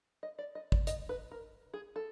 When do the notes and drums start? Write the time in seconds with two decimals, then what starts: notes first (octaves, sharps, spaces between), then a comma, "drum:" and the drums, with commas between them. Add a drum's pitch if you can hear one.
0.23 D#5
0.39 D5
0.55 D#5
0.72 D5, drum: kick
0.87 D#5, drum: hi-hat
1.09 B4
1.31 A#4
1.74 G#4
1.96 A4